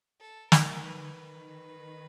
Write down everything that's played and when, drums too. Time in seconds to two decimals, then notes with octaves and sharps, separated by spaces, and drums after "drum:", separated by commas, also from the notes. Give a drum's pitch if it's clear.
0.20 A4
0.52 A#4, drum: snare
0.68 D#3
0.84 B4
1.16 D#3